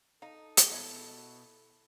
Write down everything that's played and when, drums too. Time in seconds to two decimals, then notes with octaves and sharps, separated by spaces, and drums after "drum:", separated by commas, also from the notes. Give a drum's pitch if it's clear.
0.22 D#4 A4 F5 A#5
0.57 drum: hi-hat
0.71 B2 E4 C#5 D#5